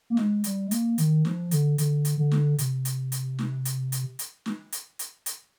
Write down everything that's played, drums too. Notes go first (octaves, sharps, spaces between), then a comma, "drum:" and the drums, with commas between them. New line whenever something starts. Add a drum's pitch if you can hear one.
A#3
G#3, drum: snare
G3, drum: hi-hat
G#3
A#3, drum: hi-hat
D#3, drum: hi-hat
F3, drum: snare
D3, drum: hi-hat
D3, drum: hi-hat
drum: hi-hat
D3
drum: snare
C3, drum: hi-hat
drum: hi-hat
drum: hi-hat
drum: snare
drum: hi-hat
drum: hi-hat
drum: hi-hat
drum: snare
drum: hi-hat
drum: hi-hat
drum: hi-hat